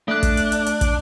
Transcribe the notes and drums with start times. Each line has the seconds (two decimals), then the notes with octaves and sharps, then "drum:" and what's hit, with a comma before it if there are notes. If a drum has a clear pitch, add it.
0.08 A3 D4 F#6
0.23 drum: kick, hi-hat
0.37 drum: hi-hat
0.52 drum: hi-hat
0.66 drum: hi-hat
0.81 drum: kick, hi-hat